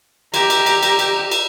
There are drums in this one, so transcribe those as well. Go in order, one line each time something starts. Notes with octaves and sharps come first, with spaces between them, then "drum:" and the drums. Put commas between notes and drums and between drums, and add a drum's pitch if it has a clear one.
G4 A#5, drum: cymbal
drum: cymbal
drum: cymbal
drum: cymbal
drum: cymbal
drum: cymbal